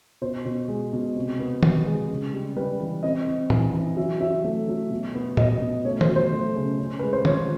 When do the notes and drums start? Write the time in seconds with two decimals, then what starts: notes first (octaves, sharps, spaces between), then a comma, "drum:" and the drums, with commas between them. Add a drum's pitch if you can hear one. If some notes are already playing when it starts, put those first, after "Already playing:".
0.22 B2 C5
0.45 B2
0.68 G#3
0.93 B2
1.15 C3
1.39 B3
1.63 B3, drum: tom D#3
1.86 G#3
2.10 C#3
2.33 G3
2.57 G3 B4
2.80 E3
3.03 C4 D#5
3.27 C4
3.50 E3, drum: tom
3.73 E3
3.97 F#3 E5
4.20 F#3 E5
4.44 A3
4.68 F#3
4.90 B2
5.15 B3
5.37 B2 D#5, drum: tom
5.61 B2
5.85 A3 C#5
6.01 C5, drum: tom D#3
6.09 F#3
6.16 C5
6.32 A3
6.55 C#3
6.79 C#4
6.99 G#3 B4
7.13 C5
7.25 F3 C#5, drum: tom